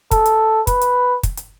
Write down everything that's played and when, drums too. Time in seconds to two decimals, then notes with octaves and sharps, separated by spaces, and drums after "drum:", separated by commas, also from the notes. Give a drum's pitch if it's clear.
0.11 A4, drum: kick, hi-hat
0.26 drum: hi-hat
0.67 B4, drum: kick, hi-hat
0.81 drum: hi-hat
1.23 drum: kick, hi-hat
1.37 drum: hi-hat